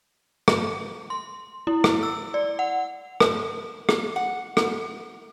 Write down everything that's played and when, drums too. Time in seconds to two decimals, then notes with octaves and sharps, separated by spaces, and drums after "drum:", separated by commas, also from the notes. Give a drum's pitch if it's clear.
0.48 drum: rim click
1.10 C6
1.67 E4
1.84 drum: rim click
2.03 E6
2.34 D5
2.59 F#5
3.20 drum: rim click
3.89 drum: rim click
4.16 F#5
4.57 drum: rim click